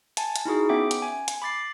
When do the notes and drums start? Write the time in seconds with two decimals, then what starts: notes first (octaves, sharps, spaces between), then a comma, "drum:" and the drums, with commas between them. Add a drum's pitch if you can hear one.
0.17 G#5 A5, drum: hi-hat
0.36 drum: hi-hat
0.45 D#4 E4 F#4 G#4
0.69 B3 C#4 E5 G5 D6
0.91 drum: hi-hat
1.02 G#5
1.28 drum: hi-hat
1.42 B5 D6 A6 C7